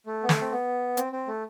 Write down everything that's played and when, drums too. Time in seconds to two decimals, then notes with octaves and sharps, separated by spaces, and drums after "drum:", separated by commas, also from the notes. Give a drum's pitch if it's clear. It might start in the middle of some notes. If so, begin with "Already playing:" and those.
0.06 A3
0.23 B3
0.29 A3, drum: snare
0.41 C4
0.52 B3
0.97 C4, drum: hi-hat
1.13 C4
1.27 A3